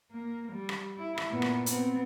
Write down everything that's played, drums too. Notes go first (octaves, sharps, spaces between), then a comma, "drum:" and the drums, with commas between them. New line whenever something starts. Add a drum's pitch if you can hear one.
A#3
G3
drum: rim click
E4
drum: rim click
A#2 B3
drum: rim click
B3 C4, drum: hi-hat